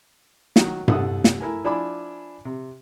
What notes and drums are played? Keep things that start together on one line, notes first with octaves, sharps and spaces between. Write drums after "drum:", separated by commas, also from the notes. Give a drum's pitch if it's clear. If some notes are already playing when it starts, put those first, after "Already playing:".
D#3 F#3 F#4, drum: snare
C2 G3 A4 F#5 D#6, drum: tom G2
drum: snare
A3 E4 A#4 G#5
F3 D4 E4 G#5 B5 D6
C3